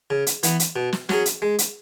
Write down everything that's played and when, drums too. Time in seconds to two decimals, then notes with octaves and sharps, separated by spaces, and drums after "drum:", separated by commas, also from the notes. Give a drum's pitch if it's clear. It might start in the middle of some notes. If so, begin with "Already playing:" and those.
0.10 C#3
0.27 drum: hi-hat
0.43 E3 B3, drum: hi-hat
0.60 drum: hi-hat
0.76 B2
0.93 drum: snare
1.09 F#3 C#4 G#4, drum: snare
1.26 drum: hi-hat
1.42 G#3
1.59 drum: hi-hat